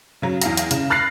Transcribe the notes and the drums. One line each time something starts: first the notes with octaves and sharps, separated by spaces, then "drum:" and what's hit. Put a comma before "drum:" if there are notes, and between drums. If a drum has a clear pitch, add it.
C#3 F#3
E2 F5 A#6, drum: hi-hat
drum: hi-hat
C#3, drum: hi-hat
B5 F6 F#6 A6 A#6 C7